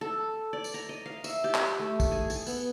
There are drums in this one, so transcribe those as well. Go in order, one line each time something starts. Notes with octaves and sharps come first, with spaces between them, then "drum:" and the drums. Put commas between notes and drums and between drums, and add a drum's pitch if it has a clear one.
A4
D5
drum: tambourine
A#5
D#5
F5
E5, drum: tambourine
G4
drum: clap
A3
drum: kick, tambourine
G#4
G#4, drum: tambourine
B3, drum: tambourine